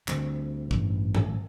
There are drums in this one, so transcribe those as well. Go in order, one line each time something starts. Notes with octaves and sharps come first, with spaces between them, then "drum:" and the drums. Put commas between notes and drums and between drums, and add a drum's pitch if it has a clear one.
D2 D3 G3 C4, drum: clap
A1 G2 E3, drum: kick
drum: tom G2